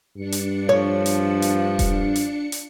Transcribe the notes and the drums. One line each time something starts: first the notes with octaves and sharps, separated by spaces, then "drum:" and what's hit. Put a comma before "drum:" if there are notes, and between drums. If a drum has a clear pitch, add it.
G2 D4 C#7
drum: hi-hat
F3 C#5
drum: hi-hat
drum: hi-hat
drum: kick E1, hi-hat
drum: hi-hat
drum: hi-hat